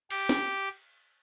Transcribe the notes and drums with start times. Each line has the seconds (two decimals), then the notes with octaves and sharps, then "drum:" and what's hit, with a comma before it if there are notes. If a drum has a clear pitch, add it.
0.10 G4, drum: cymbal
0.29 drum: snare